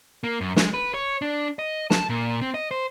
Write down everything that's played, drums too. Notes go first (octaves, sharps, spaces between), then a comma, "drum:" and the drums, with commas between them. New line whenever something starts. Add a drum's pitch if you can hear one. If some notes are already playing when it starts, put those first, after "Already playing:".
A#3
F#2
G#3, drum: snare
B4
C#5
D4
D#5
A5, drum: snare
A#2
C4
D#5
C5